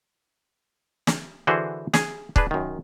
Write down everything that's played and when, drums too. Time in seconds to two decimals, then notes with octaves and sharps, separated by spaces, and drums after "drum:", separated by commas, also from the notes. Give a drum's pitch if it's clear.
1.07 drum: snare
1.47 D3 E3 E4 F#4 G#4 C5
1.94 G#4 G#5, drum: snare
2.36 D4 G#4 B4, drum: kick
2.51 F#2 D#3